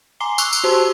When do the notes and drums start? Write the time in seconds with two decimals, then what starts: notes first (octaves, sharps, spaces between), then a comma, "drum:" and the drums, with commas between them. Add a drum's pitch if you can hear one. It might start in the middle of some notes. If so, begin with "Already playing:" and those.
0.20 G#5 A#5 C6 D6 C7 G7
0.38 C#6 E6 F#6 C7 F7 G7, drum: tambourine
0.53 drum: tambourine
0.64 F#4 G4 C5 A5 C6 E6